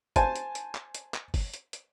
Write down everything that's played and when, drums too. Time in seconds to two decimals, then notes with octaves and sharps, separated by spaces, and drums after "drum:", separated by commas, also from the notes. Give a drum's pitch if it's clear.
0.16 C5 G#5 A5, drum: kick G1, hi-hat
0.36 drum: hi-hat
0.55 drum: hi-hat
0.75 drum: clap
0.95 drum: hi-hat
1.14 drum: clap
1.34 drum: kick G1, open hi-hat
1.54 drum: hi-hat
1.73 drum: hi-hat